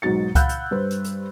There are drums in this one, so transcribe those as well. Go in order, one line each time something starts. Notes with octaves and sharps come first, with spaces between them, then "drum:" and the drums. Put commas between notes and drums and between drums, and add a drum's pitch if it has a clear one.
B1 G#2 B2 F#3 A6 C#7
F5 F#5 B5 E6 F#6 G6, drum: kick C#2, hi-hat
drum: hi-hat
G2 B4 C5
drum: hi-hat
drum: hi-hat